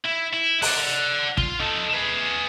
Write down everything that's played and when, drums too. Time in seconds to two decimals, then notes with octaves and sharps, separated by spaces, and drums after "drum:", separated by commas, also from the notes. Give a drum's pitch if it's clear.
0.05 E4
0.33 E4
0.62 D5 F#5, drum: open hi-hat
1.37 F4, drum: kick
1.60 D#4 A4
1.93 G#4 B4